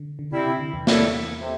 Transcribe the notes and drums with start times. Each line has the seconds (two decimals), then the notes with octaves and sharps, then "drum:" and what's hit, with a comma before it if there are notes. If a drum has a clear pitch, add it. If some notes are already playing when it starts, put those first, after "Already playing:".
Already playing: D3
0.19 D3
0.32 C3 G3 C4 E4
0.46 C3
0.59 D3
0.74 E2 E3
0.87 A2 G3 E4 A4, drum: snare
1.41 C3